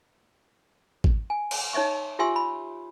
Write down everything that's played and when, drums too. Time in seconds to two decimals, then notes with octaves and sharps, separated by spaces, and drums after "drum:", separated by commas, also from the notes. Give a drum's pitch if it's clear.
1.04 drum: kick G#1
1.30 G#5
1.51 drum: cymbal
1.73 D#4 C#5 D#5 E5 C#6
2.19 F4 G4 E5 G#5 C6 E6
2.36 B5